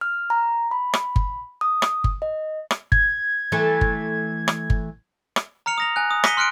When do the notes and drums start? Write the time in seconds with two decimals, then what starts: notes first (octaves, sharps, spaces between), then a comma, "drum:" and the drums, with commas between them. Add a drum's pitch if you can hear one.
0.01 F6
0.30 A#5
0.71 B5
0.94 drum: rim click
1.16 drum: kick G1
1.61 D#6
1.82 drum: rim click
2.04 drum: kick G1
2.22 D#5
2.71 drum: rim click
2.92 G#6, drum: kick G1
3.52 E3 A3 A4
3.81 drum: kick G1
4.48 drum: rim click
4.70 drum: kick G1
5.36 drum: rim click
5.66 A#5 F6 C#7 F7
5.78 D#6 A#6 F7
5.96 G#5 F#6
6.11 D#6
6.24 A#6 B6 C#7 D#7 G7, drum: rim click
6.37 C6 F6 F#6 C#7 D7